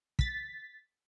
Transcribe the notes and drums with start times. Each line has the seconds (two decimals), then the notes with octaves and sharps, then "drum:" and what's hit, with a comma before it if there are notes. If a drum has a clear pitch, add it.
0.19 A6 B6, drum: kick